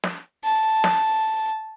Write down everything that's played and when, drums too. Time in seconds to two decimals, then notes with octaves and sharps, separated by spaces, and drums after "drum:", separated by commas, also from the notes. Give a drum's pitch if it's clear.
0.04 drum: snare
0.44 A5
0.84 drum: snare